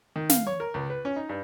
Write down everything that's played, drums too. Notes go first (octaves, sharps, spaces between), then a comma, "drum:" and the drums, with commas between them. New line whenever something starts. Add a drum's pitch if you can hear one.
D#3
F5, drum: snare
C#5
A#4
C#2
B4
C#4
D#4
G2